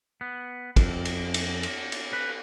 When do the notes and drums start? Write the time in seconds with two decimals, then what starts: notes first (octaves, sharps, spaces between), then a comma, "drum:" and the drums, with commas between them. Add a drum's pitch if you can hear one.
0.21 B3
0.76 F2, drum: kick, cymbal
1.05 drum: cymbal
1.34 drum: cymbal
1.63 drum: cymbal
1.92 drum: cymbal
2.13 B4